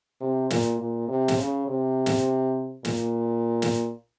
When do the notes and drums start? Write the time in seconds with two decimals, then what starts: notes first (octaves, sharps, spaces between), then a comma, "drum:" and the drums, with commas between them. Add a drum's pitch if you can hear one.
0.21 C3
0.50 A#2, drum: snare
0.80 A#2
1.08 C3
1.28 drum: snare
1.38 C#3
1.68 C3
2.06 drum: snare
2.85 A#2, drum: snare
3.62 drum: snare